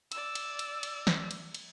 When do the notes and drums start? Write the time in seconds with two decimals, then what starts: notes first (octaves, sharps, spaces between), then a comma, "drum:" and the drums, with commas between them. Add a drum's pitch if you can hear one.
0.12 D5 E6, drum: cymbal
0.35 drum: cymbal
0.59 drum: cymbal
0.83 drum: cymbal
1.07 drum: snare
1.31 drum: cymbal
1.54 drum: cymbal